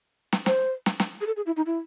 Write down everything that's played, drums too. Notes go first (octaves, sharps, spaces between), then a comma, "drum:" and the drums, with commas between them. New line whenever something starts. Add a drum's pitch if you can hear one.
drum: snare
C5, drum: snare
drum: snare
drum: snare
G#4
A4
G#4
E4
D#4
E4